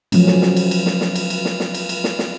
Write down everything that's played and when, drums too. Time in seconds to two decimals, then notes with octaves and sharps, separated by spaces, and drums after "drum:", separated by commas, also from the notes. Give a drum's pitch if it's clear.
0.12 F3 F#3 A3 C#4, drum: cymbal
0.27 drum: snare
0.42 drum: snare
0.56 drum: cymbal
0.71 drum: cymbal
0.86 drum: snare
1.01 drum: snare
1.15 drum: cymbal
1.30 drum: cymbal
1.45 drum: snare
1.60 drum: snare
1.74 drum: cymbal
1.89 drum: cymbal
2.04 drum: snare
2.19 drum: snare